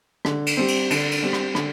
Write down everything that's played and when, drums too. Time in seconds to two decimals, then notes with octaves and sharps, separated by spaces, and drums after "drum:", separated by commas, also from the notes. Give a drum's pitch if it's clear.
0.25 D3, drum: rim click
0.46 drum: cymbal
0.57 G3 C4
0.68 drum: cymbal
0.90 D3, drum: cymbal
1.11 drum: cymbal
1.22 G3 C4
1.33 drum: rim click
1.55 D3, drum: rim click